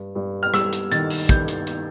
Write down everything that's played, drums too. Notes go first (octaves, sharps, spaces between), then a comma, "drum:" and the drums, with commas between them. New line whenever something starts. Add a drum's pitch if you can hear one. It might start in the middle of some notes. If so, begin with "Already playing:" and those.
Already playing: G2
G2
F6
G3 E6, drum: rim click
drum: hi-hat
D#3 A6, drum: hi-hat
drum: open hi-hat
G2 G6, drum: kick, hi-hat
drum: hi-hat
drum: hi-hat